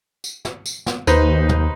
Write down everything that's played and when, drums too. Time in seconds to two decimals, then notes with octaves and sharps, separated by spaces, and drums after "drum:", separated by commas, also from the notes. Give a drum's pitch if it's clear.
0.24 drum: tambourine
0.45 drum: snare
0.66 drum: tambourine
0.86 drum: snare
1.07 D#2 D#4 B4 C5, drum: tambourine
1.49 drum: tom